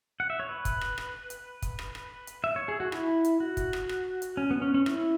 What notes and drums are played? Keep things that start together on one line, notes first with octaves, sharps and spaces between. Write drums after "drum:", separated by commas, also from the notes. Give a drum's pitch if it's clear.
F#5
E5
C#5
B4
drum: kick, hi-hat
drum: rim click
drum: rim click
drum: hi-hat
drum: kick, hi-hat
drum: rim click
drum: rim click
drum: hi-hat
E5
C#5
G#4
F#4
E4, drum: rim click
drum: hi-hat
F#4
drum: kick, hi-hat
drum: rim click
drum: rim click
drum: hi-hat
C#4
B3
C#4
C#4
E4, drum: rim click